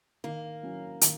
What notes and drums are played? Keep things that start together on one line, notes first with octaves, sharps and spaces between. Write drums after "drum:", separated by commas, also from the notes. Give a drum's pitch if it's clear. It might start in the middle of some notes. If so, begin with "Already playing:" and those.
D#3 A#3
F#3 C#4 E4
D#3, drum: hi-hat